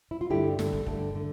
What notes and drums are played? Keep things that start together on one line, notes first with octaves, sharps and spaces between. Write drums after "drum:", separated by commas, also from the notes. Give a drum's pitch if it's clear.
E4
F4
G2 D3 A3 E4 G4
G2 D3 A3, drum: snare
drum: kick
G2 D3 A3, drum: kick
D3 A3